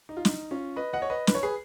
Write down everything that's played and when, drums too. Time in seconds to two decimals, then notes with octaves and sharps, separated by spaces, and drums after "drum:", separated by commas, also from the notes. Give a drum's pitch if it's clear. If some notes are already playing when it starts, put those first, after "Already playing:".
0.09 D#4
0.17 F4
0.25 D#4, drum: snare
0.51 C#4 F4
0.76 B4 D#5
0.93 D#5 F#5
1.02 C#5
1.10 B4 D#5
1.27 B4, drum: snare
1.35 C#5
1.43 G#4 B4